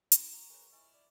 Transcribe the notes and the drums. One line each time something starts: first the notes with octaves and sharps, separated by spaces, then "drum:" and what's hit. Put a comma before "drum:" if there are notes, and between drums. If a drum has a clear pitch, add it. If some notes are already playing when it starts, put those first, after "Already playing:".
D4 F4 C5 G5, drum: hi-hat
F#3 A#5
G#4 A#4 B4 C#5 G#5
E4 A#4 C#5 D#5 G#5 F6
D5